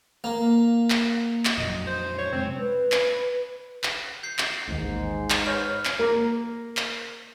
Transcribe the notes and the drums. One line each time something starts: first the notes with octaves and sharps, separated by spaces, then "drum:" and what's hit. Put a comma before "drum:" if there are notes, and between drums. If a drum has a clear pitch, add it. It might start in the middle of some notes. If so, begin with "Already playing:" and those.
A#3
drum: clap
drum: clap
F2 A#2 F#3 D#5
C5
C#5
C3 G#3 C4
B4
drum: clap
drum: clap
G6 C7
drum: clap
A1 D#2 G#2
drum: clap
B4 C#5 F6 G6
drum: clap
A#3
drum: clap